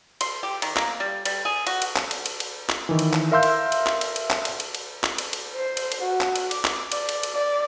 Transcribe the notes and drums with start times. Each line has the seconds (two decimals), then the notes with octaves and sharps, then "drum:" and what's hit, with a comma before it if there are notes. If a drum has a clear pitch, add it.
0.21 C6, drum: cymbal
0.43 G4
0.62 D#3, drum: cymbal
0.77 A#3, drum: clap
1.00 G3
1.25 G3, drum: cymbal
1.45 G#4
1.67 F#4, drum: cymbal
1.82 drum: cymbal
1.96 drum: clap
2.11 drum: cymbal
2.26 drum: cymbal
2.40 drum: cymbal
2.70 drum: clap
2.89 D#3 E3
2.99 drum: cymbal
3.13 drum: clap
3.32 A#4 E5 F5 C6 E6 G6
3.43 drum: cymbal
3.72 drum: cymbal
3.87 drum: clap
4.01 drum: cymbal
4.16 drum: cymbal
4.31 drum: clap
4.45 drum: cymbal
4.60 drum: cymbal
4.75 drum: cymbal
5.04 drum: clap
5.18 drum: cymbal
5.33 drum: cymbal
5.56 C5
5.77 drum: cymbal
5.92 drum: cymbal
6.01 F#4
6.21 drum: clap
6.36 drum: cymbal
6.51 D6, drum: cymbal
6.65 drum: clap
6.92 D5, drum: cymbal
7.09 drum: cymbal
7.23 drum: cymbal
7.34 D5